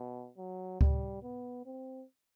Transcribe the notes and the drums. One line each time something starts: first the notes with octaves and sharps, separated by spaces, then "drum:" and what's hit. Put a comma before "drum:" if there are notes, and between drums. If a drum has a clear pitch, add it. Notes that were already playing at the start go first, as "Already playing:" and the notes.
Already playing: B2
F#3
G3, drum: kick C#2
B3
C4